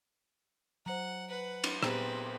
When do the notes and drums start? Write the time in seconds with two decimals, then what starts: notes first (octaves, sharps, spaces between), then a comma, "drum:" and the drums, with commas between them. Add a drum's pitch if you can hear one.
0.86 F#3 C5 F#5 A#5
1.29 B4 F#5
1.64 drum: cymbal
1.83 A#2 B3 C4 G4 G#4 B4 C5 A#5, drum: rim click